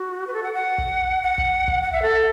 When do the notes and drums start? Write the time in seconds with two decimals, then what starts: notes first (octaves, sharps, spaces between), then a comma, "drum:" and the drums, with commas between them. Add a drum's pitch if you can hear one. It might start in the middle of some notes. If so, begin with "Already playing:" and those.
Already playing: F#4
0.27 B4
0.34 A4
0.43 F#5
0.53 F#5
0.78 drum: kick
1.23 F#5
1.38 drum: kick
1.68 drum: kick
1.83 F#5
1.92 E5
2.02 A4